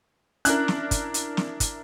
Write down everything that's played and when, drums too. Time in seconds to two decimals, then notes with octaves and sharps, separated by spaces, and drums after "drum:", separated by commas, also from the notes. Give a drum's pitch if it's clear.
0.45 C#4 D4 E4 A#4 F#6, drum: hi-hat
0.68 drum: snare
0.91 drum: kick, hi-hat
1.14 drum: hi-hat
1.37 drum: snare
1.60 drum: kick, hi-hat